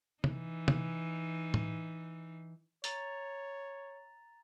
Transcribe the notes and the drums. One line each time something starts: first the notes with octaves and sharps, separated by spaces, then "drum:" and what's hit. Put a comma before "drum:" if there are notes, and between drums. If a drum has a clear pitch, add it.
E3 D#4, drum: tom
drum: tom
drum: tom A2
C#5 A#5 A6 F7, drum: hi-hat